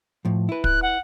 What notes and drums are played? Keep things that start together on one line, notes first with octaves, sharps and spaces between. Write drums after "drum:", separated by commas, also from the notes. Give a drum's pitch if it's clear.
A2 F3
E4 B4
F#6, drum: kick
F#5